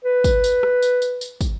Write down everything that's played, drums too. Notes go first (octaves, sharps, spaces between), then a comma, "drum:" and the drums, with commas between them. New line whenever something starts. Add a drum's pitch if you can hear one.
B4
drum: kick, tambourine
drum: tambourine
drum: rim click
drum: tambourine
drum: tambourine
drum: tambourine
drum: kick, tambourine